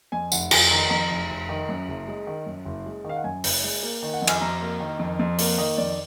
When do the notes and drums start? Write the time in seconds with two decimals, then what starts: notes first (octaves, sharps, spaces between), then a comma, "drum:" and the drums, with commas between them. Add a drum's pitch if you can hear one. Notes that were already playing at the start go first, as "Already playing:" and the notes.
0.12 F2 G#5
0.32 F1 F#5, drum: tambourine
0.51 F1 G#5, drum: cymbal
0.71 D#3 A#5
0.90 F2 A#5
1.10 F1
1.29 F1
1.49 D#3
1.69 F#2
1.88 F#1
2.08 G#3
2.27 D#3
2.46 F#2
2.65 F#1
2.86 G#3
3.04 D#3
3.09 F5
3.17 F#5
3.24 F#2 G#5
3.44 F#1, drum: open hi-hat
3.63 G#3
3.82 A#3
4.02 D#3
4.13 F#5
4.22 F2
4.27 G#5, drum: cymbal
4.41 F2 A#5
4.61 A#3
4.80 D#3
4.99 F2
5.19 F2
5.39 A#3, drum: open hi-hat
5.58 D#3 D#5
5.77 F2 D5